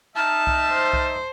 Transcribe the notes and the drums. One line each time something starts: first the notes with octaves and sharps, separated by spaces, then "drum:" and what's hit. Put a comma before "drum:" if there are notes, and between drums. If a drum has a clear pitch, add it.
D#4 E5 A5 F6
drum: kick C2
C5
drum: kick C2